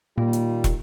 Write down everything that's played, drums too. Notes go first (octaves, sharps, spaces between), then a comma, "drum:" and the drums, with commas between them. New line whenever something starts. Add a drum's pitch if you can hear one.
A#2 D#3 G3 A#3 F4
drum: hi-hat
drum: kick, hi-hat